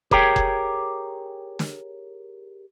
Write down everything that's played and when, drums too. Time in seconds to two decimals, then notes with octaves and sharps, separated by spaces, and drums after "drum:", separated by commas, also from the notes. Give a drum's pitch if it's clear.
0.11 G4 G#4 A#4 C#5 G5, drum: kick F1
0.36 drum: kick F1
1.59 drum: snare